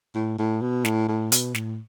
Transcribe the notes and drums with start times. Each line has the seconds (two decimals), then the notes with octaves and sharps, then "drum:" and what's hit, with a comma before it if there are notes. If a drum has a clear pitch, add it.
0.15 A2
0.39 A2
0.62 B2
0.85 A2, drum: snare
1.08 A2
1.32 B2, drum: hi-hat
1.55 A2, drum: snare